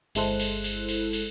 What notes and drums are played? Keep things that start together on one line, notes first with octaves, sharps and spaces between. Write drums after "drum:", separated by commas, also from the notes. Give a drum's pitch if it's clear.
G1 G#3 E4 A4 C5 F#6, drum: cymbal
drum: cymbal
drum: cymbal
drum: cymbal
drum: cymbal